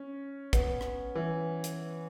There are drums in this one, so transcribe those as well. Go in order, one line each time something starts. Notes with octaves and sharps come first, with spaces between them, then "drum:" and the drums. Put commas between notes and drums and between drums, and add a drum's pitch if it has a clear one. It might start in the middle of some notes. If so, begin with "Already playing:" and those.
Already playing: C#4
B3, drum: kick, hi-hat
drum: rim click
E3
drum: hi-hat